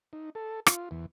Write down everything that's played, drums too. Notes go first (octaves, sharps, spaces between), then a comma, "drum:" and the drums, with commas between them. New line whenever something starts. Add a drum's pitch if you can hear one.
D#4
A4
F4, drum: rim click
E2